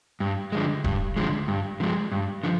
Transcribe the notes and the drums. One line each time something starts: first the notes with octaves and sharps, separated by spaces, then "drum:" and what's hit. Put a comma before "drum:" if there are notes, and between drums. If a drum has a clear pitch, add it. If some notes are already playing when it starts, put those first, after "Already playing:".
G2
D3 F3 G#3
G2, drum: kick D1
D3 F3 G#3
G2
D3 F3 G#3
G2
D3 F3